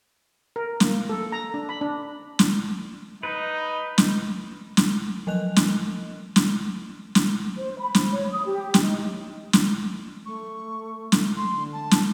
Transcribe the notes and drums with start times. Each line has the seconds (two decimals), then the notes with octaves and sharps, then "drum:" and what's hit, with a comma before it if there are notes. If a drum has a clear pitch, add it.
0.56 A#4
0.80 A#3, drum: snare
1.09 A4
1.32 A#5
1.54 D4
1.69 B5
1.81 D4
2.39 drum: snare
3.23 D#4 B4
3.98 drum: snare
4.77 drum: snare
5.27 F3 F#3 D#5 F#6 F7
5.56 drum: snare
6.36 drum: snare
7.15 drum: snare
7.58 C5
7.79 B5
7.95 drum: snare
8.11 C#5
8.32 D#6
8.45 G4
8.74 drum: snare
8.83 D#4
9.53 drum: snare
10.26 A3 C#6
11.12 drum: snare
11.37 C6
11.54 D3
11.73 A5
11.91 drum: snare